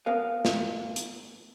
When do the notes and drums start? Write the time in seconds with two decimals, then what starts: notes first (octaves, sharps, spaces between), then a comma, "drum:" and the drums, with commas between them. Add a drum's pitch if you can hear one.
0.06 B3 A#4 B4 F5
0.45 drum: snare
0.96 drum: hi-hat